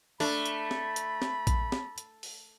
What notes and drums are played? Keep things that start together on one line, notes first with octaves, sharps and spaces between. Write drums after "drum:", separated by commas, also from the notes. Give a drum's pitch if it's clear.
A3 D4 B5, drum: open hi-hat
drum: hi-hat
drum: snare
drum: hi-hat
drum: snare
drum: kick A#1, hi-hat
drum: snare
drum: hi-hat
drum: open hi-hat